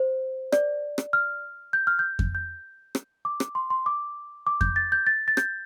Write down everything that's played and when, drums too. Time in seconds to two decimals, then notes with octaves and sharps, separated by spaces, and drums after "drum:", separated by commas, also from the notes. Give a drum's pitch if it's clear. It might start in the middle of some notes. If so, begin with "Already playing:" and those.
Already playing: C5
0.52 D5, drum: rim click
0.98 drum: rim click
1.13 F6
1.73 G6
1.87 F6
1.99 G6
2.19 drum: kick F2
2.35 G6
2.95 drum: rim click
3.25 D6
3.40 drum: rim click
3.55 C6
3.70 C6
3.86 D6
4.47 D6
4.61 G6, drum: kick F2
4.76 A6
4.92 G6
5.07 A6
5.28 A6
5.37 G6, drum: rim click